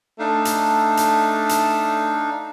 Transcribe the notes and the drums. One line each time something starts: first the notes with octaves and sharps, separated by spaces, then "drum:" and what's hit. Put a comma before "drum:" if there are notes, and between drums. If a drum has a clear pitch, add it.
A3 D4 D#4 F5
drum: hi-hat
drum: hi-hat
drum: hi-hat